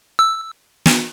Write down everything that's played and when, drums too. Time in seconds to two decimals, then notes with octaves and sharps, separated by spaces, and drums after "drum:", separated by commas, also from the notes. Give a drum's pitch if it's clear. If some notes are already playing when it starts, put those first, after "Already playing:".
0.19 E6
0.86 drum: snare